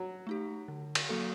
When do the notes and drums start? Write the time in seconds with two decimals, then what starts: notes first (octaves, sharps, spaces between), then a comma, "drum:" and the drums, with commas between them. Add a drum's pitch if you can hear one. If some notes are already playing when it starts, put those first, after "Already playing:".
Already playing: F#3
0.27 A3 D#4 G4
0.68 D3
0.95 drum: cymbal
1.09 F#3 A#3 F#4 A4